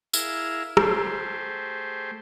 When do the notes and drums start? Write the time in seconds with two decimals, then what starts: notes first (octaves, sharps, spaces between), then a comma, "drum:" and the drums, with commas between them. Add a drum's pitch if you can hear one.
0.14 E4 G#4 A#4 E5 F5, drum: tambourine
0.77 A3 G4 G#4 C5, drum: rim click